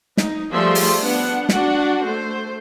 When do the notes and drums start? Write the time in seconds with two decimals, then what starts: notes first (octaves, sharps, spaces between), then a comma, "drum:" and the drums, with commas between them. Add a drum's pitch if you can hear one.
0.17 D#4, drum: snare
0.53 F3 G3 A3 G#4 E5 C6
0.75 drum: open hi-hat
1.01 B3 D4 F#5
1.49 D4 F#4 D5 F#5, drum: snare
2.02 A3 C5